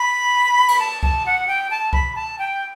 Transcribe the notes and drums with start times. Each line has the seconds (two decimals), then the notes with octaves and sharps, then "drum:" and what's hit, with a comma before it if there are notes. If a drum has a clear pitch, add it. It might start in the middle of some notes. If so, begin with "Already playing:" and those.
Already playing: B5
0.68 drum: cymbal
0.80 A5
1.03 A5, drum: kick C2
1.26 F#5
1.48 G5
1.70 A5
1.93 B5, drum: kick C2
2.15 A5
2.39 G5